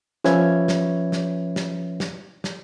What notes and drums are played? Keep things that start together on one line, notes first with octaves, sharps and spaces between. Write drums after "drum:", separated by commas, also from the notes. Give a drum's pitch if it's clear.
F3 C#4 B4 C#5 E5 G#6, drum: snare
drum: snare
drum: snare
drum: snare
drum: snare
drum: snare